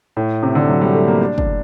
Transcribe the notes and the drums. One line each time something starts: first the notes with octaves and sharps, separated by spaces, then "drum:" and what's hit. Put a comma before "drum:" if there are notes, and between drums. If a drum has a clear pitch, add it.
A2
C3
D3
F#3
G3
A3
A#3
D4
D4, drum: kick